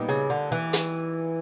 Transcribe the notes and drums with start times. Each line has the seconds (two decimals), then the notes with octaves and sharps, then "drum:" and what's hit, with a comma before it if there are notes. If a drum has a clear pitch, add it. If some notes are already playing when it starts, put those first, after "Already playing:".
Already playing: A#2 G3 B3 D#4
0.09 C#3
0.30 D3
0.52 E3
0.73 drum: hi-hat